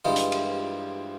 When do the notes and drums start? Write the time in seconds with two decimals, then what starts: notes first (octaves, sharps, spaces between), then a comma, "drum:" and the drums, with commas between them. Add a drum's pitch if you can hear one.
0.05 G2 E3 G#3 F4
0.16 drum: hi-hat
0.32 drum: cymbal